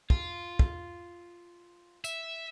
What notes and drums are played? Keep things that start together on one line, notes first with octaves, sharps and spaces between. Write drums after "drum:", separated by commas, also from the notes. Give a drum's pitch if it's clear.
F4, drum: kick
drum: kick
E5, drum: tambourine